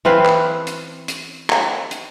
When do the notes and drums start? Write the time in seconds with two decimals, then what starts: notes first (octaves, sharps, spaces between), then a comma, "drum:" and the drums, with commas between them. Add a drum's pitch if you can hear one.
0.05 E3 C4 B4 F5
0.26 drum: clap
0.67 drum: hi-hat
1.08 drum: hi-hat
1.50 drum: clap
1.91 drum: hi-hat